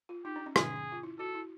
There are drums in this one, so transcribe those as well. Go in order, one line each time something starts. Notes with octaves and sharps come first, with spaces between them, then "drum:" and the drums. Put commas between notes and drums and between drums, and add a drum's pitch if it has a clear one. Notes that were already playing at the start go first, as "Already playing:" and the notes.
F4
D#4 G4
D4
C#4
D4 G#4, drum: rim click
F4
E4
F#4 A4
E4